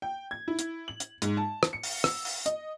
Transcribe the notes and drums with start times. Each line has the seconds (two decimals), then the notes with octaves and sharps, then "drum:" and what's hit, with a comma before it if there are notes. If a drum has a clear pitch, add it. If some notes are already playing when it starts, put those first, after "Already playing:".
0.02 G5
0.31 G#6
0.48 E4
0.59 drum: hi-hat
0.88 F#7
1.00 drum: hi-hat
1.22 G#2, drum: hi-hat
1.37 A5
1.63 drum: rim click
1.73 C#7
1.83 drum: open hi-hat
2.04 E6, drum: rim click
2.25 drum: open hi-hat
2.46 D#5, drum: hi-hat